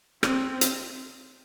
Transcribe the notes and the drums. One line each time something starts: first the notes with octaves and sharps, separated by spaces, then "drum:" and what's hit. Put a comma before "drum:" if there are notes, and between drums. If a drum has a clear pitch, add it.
C4, drum: rim click
drum: hi-hat